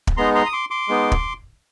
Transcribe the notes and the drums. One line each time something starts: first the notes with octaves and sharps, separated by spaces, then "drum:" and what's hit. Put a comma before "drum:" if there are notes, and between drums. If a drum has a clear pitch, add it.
drum: kick
G#3 B3 D#4 A#5 C6
A#5 C6
D#6
C6 D6
C6 D6
G#3 B3 D#4
drum: kick